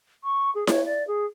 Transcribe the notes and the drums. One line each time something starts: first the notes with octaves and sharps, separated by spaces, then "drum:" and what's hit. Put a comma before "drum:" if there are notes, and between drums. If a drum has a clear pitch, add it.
C#6
G#4
C#5, drum: snare E4
D5
G#4